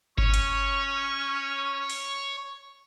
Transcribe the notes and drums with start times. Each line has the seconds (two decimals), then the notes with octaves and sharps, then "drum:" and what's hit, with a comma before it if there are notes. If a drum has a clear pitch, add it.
0.18 C#4 C#5 C#6, drum: kick G1
0.34 drum: hi-hat
1.90 drum: open hi-hat